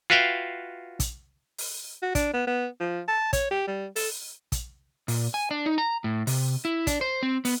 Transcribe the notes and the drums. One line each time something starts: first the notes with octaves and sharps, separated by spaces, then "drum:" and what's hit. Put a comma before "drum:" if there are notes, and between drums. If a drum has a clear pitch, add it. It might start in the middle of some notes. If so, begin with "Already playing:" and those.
F4 F#4 B4 E5 F5 G5
drum: kick, hi-hat
drum: open hi-hat
F#4
D4, drum: kick, hi-hat
B3
B3
F3
A5
C#5, drum: kick, hi-hat
G4
G3
A4, drum: open hi-hat
drum: kick, hi-hat
A#2, drum: open hi-hat
G#5
D4
D#4
A#5
A2
C3, drum: open hi-hat
E4
D4, drum: kick, hi-hat
C5
C4
B3, drum: open hi-hat